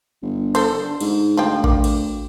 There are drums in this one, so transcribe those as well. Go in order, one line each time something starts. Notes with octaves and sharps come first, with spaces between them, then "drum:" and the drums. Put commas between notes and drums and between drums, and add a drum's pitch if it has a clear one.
G1
A4 C5, drum: cymbal
D3
G#2, drum: cymbal
D2 F3 G5
A#3, drum: kick A1
drum: cymbal